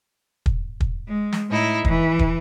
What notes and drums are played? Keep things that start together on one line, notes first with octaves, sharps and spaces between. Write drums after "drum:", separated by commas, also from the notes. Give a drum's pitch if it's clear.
drum: kick
drum: kick
G#3
drum: snare
A2 D#4 E4
E3, drum: kick
drum: kick